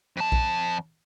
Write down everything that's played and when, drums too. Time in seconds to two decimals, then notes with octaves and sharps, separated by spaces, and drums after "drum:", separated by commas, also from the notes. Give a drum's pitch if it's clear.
0.17 F2 A5
0.32 drum: kick A#1